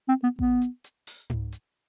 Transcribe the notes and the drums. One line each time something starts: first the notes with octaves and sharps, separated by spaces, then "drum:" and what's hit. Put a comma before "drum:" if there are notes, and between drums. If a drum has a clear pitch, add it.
C4
B3
B3, drum: kick A1
drum: hi-hat
drum: hi-hat
drum: open hi-hat
drum: tom G#2
drum: hi-hat